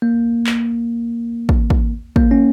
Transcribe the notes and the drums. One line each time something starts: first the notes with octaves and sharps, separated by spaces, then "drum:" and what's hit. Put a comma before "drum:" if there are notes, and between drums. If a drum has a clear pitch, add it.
A#3
drum: clap
drum: kick
drum: kick
A#3, drum: kick
C#4